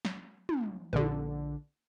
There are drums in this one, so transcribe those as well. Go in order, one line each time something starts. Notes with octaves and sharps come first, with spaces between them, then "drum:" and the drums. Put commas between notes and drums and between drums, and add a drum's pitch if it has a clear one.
drum: snare
drum: tom
A#1 D3, drum: tom